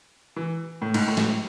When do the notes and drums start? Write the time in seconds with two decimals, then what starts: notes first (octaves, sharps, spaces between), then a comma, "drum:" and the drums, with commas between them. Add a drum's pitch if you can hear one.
0.36 E3
0.82 A2
0.94 G#2, drum: cymbal
1.08 A2
1.17 drum: snare